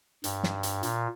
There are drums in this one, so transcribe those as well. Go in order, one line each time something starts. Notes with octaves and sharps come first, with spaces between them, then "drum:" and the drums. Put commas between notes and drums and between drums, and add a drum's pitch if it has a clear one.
G2, drum: hi-hat
drum: snare
drum: hi-hat
A#2, drum: hi-hat